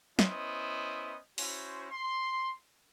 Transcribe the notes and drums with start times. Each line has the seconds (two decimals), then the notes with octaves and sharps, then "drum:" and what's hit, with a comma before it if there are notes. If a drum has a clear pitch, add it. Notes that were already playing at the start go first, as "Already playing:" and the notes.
0.19 B3 C#4 E4 C5 D#5, drum: snare
1.38 C#4 E4 F#4 C5, drum: open hi-hat
1.91 C6